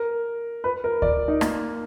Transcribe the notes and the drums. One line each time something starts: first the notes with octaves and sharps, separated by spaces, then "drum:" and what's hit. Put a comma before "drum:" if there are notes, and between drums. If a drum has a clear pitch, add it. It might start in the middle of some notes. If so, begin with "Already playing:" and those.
Already playing: A#4
B4
A#4
D5, drum: kick D2
D#4
A#3, drum: rim click